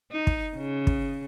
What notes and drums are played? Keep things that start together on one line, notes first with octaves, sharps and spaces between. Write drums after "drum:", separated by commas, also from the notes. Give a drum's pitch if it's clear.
D#4
drum: kick
C#3
drum: kick